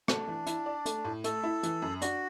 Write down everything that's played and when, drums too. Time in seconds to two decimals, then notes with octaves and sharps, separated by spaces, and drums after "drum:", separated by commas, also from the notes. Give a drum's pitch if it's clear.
0.08 A3 D4, drum: rim click
0.28 E3
0.46 E4, drum: hi-hat
0.66 D5
0.86 A3, drum: hi-hat
1.05 A2
1.24 A3 A4, drum: hi-hat
1.43 E4
1.63 E3, drum: hi-hat
1.82 F#2
2.02 D4 F#4, drum: hi-hat